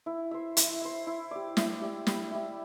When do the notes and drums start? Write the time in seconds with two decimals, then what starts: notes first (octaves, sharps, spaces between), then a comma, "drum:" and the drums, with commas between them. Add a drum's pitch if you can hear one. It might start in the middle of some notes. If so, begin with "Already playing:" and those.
0.06 E4
0.31 C5 E5
0.57 E4, drum: hi-hat
0.81 C5 E5
1.07 E4
1.31 G4 D5
1.57 E4, drum: snare
1.82 G4 D5
2.07 G3, drum: snare
2.31 E4 G4 E5